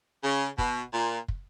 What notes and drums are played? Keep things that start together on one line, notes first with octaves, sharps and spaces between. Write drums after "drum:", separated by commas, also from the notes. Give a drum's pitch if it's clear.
C#3
B2, drum: kick
A#2
drum: kick